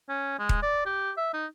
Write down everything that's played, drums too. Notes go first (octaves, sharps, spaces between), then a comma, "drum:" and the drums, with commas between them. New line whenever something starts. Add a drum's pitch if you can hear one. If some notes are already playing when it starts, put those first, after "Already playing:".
C#4
G#3
drum: kick D#1
D5
G4
E5
D#4